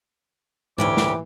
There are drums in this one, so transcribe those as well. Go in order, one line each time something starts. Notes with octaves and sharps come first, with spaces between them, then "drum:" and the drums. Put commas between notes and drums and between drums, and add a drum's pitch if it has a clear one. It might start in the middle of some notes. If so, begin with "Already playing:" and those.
D2 A#2 E3 G4 C#5 D6, drum: tom G#2
drum: snare